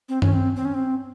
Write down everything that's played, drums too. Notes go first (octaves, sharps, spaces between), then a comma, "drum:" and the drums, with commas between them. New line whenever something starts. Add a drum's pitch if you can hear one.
C4
C#4, drum: tom G2
C4
C4
C#4
C4